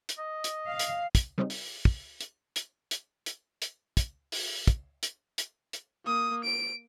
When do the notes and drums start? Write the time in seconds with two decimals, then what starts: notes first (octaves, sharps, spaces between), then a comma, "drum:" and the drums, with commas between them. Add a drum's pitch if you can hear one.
0.09 drum: hi-hat
0.18 D#5
0.44 drum: hi-hat
0.68 F5
0.79 drum: hi-hat
1.15 drum: kick, hi-hat
1.38 C#3 G3 C4 C#4 D#4
1.50 drum: open hi-hat
1.85 drum: kick
2.21 drum: hi-hat
2.56 drum: hi-hat
2.91 drum: hi-hat
3.26 drum: hi-hat
3.62 drum: hi-hat
3.97 drum: kick, hi-hat
4.32 drum: open hi-hat
4.67 drum: kick, hi-hat
5.03 drum: hi-hat
5.38 drum: hi-hat
5.73 drum: hi-hat
6.05 A#3 D#6
6.44 D7